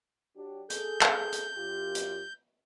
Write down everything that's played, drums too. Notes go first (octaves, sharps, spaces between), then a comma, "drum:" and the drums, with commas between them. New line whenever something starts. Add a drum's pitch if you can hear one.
F#3 D4 G4
G#4 A4 G6, drum: hi-hat
drum: clap
drum: hi-hat
F#2 F4 G4
drum: hi-hat